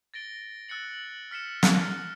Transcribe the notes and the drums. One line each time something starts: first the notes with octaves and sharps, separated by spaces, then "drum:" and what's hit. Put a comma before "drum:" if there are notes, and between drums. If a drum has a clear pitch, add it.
A6 A#6 D7 G7
E6 F#6 A6 C#7 F#7
F6 B6 C#7 E7
drum: snare
F6